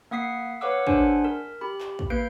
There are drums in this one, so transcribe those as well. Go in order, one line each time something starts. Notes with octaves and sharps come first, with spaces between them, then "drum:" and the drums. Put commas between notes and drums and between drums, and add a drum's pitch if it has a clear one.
A#3 F#5 D#6 B6 C7
B4 C#5 F5 F#5 D6 E6
D4 G#4 C5 F#5 G#5, drum: kick
A#4
G4 B5
drum: clap
drum: kick
A#3 B4 G6 C7 D7